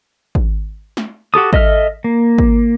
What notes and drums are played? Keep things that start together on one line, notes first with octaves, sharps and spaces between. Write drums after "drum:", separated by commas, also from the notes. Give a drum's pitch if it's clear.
drum: kick G#1
drum: snare
F#4 G4 A4 D#6
A4 D#5 E5 F6, drum: kick G#1
A#3
drum: kick G#1